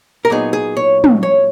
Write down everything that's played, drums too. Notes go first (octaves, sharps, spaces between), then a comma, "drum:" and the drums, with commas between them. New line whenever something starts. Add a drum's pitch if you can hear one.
A#4
A#2 F#3 B3 D#4 G#4
G#4
C#5
drum: tom
C#5